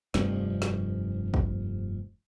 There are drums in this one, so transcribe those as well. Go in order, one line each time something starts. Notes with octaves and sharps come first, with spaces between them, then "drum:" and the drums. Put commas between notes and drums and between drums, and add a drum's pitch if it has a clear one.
F1 G2 F3, drum: snare
drum: snare
drum: kick A1